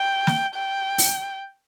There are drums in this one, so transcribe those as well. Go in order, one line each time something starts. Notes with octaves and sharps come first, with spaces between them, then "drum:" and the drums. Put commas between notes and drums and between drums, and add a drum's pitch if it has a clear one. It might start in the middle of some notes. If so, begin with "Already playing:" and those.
Already playing: G5
drum: snare
G5
drum: open hi-hat